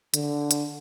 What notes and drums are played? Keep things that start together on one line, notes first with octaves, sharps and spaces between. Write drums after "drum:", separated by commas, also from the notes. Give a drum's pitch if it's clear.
D3, drum: hi-hat
drum: hi-hat